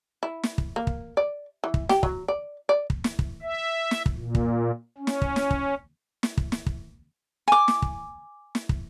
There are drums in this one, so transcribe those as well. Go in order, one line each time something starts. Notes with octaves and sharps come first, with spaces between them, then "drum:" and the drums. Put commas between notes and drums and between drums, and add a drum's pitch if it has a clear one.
E4
drum: snare
drum: kick
A#3
drum: kick
D5
E3
drum: kick
G4, drum: snare
F#3, drum: kick
D5
D5
drum: kick
drum: snare
drum: kick
E5
drum: snare
drum: kick
A#2
drum: kick
C#4
drum: snare
drum: kick
drum: snare
drum: kick
drum: snare
drum: kick
drum: snare
drum: kick
G#5 D6
drum: snare
drum: kick
drum: snare
drum: kick